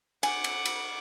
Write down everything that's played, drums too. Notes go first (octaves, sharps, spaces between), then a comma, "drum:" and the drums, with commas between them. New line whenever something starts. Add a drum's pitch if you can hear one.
F#5 G#5 D6, drum: cymbal
drum: cymbal
drum: cymbal